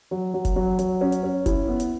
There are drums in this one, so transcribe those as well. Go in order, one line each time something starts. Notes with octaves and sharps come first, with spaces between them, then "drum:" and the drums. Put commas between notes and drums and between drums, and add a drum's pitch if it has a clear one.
F#3
F#3
drum: kick F1, hi-hat
F#3
F#3, drum: hi-hat
C#4
drum: hi-hat
C#4
E4, drum: kick F1, hi-hat
B3
drum: hi-hat